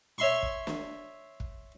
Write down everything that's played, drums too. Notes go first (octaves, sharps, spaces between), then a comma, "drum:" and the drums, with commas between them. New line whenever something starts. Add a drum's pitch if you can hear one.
C#5 E5 C6 C#6
drum: kick
drum: snare
drum: kick